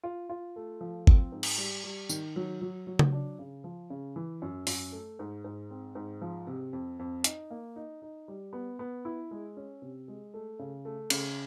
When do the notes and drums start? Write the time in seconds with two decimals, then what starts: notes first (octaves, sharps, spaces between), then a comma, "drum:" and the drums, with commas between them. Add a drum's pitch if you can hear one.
0.03 F4
0.29 F4
0.56 A3
0.81 F3
1.07 C4, drum: kick G1
1.32 G#2
1.43 drum: cymbal
1.58 G3
1.84 G3
2.09 D#3, drum: tambourine
2.36 F#3
2.61 F#3
2.87 F#3
2.99 drum: tom C#3
3.13 D4
3.39 C#3
3.64 F3
3.90 C#3
4.16 E3
4.42 F#2
4.67 F#2, drum: open hi-hat
4.92 A3
5.19 G#2
5.44 G#2
5.71 C4
5.95 G#2
6.22 F3
6.47 C3
6.73 F2
6.99 F2
7.24 D#4, drum: hi-hat
7.51 A#3
7.76 D#4
8.02 D#4
8.28 G3
8.53 B3
8.79 B3
9.05 E4
9.31 G#3
9.57 C#4
9.82 C3
10.08 G#3
10.34 A3
10.59 C#3
10.85 A3
11.10 C#3, drum: cymbal